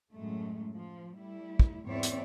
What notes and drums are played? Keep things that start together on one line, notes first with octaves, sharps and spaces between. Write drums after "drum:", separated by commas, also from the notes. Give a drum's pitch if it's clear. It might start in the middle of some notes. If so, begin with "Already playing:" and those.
F#2 A2 G#3 A3
F3
G3 A3 E4
drum: kick
E2 G#2 C4 C#5 D5 E5
drum: hi-hat